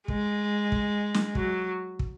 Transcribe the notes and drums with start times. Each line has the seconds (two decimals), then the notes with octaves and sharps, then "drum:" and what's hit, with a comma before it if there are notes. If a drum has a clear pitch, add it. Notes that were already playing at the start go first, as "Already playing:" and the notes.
0.08 G#3, drum: kick
0.72 drum: kick
1.14 drum: snare
1.35 F#3, drum: kick
1.99 drum: kick